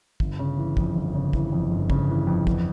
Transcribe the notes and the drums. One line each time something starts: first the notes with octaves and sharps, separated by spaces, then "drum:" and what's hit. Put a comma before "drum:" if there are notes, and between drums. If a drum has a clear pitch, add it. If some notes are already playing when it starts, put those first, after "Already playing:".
G1, drum: kick
C#3
E3
F2, drum: kick
G1
C#3
E3, drum: kick
F2
G1
C#3, drum: kick
E3
F2
E2, drum: kick